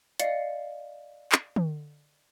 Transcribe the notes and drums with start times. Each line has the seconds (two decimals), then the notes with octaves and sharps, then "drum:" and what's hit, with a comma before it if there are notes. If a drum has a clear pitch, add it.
0.20 D5 D#5 F5 C7 C#7, drum: hi-hat
1.32 drum: clap
1.56 drum: tom